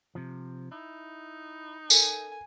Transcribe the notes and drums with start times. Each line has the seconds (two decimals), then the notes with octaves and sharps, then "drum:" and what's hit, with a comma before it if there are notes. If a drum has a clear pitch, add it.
0.15 C3 F3
0.72 D#4 E4
1.90 A4 A#4 G#5, drum: tambourine